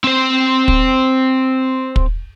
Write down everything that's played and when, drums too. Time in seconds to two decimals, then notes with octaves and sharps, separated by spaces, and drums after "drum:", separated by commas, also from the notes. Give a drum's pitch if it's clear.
0.04 C4 C5
0.68 drum: kick
1.96 drum: kick